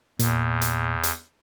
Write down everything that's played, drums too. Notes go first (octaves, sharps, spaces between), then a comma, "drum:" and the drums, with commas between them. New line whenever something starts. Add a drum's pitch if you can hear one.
E2 A#2, drum: hi-hat
drum: hi-hat
drum: hi-hat